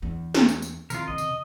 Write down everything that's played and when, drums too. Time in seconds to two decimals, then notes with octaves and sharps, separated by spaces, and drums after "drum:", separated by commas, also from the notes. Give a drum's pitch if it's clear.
0.02 E2 D4
0.35 drum: snare
0.48 drum: tambourine
0.62 drum: tambourine
0.90 C3 D#3 F3 F4 A#4, drum: tambourine
1.08 E2 C#3 D#5
1.18 drum: tambourine